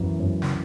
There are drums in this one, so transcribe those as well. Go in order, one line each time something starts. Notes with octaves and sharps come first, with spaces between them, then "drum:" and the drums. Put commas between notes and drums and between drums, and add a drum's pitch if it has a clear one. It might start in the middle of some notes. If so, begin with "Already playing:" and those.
Already playing: F#2 E3
F#2
drum: snare